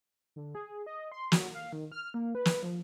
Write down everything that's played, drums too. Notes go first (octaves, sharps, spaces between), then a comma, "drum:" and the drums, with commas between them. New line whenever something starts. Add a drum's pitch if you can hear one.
D3
G#4
D#5
C6
F#3, drum: snare
F5
D#3
F6
A#3
B4
drum: snare
F3